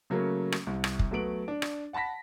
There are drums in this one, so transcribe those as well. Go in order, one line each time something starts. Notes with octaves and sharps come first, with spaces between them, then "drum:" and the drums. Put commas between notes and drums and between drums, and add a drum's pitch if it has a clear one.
C#3 F#3 A3 A#3 C#4
drum: rim click
C2
drum: rim click
drum: kick
F#3 A3 B3 D7 F#7
D4
drum: rim click
F#5 A5 B5 A#6 B6